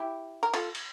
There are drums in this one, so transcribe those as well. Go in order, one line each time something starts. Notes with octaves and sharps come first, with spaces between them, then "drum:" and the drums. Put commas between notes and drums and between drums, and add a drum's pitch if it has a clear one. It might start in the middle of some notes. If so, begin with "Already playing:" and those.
Already playing: E4 G4
A#4
F4 A4, drum: cymbal
drum: cymbal